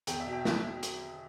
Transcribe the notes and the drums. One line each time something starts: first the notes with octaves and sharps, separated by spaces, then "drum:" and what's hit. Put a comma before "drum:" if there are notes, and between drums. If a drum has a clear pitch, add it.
E2 G5, drum: hi-hat
E5
B2
G5
E5, drum: snare
drum: hi-hat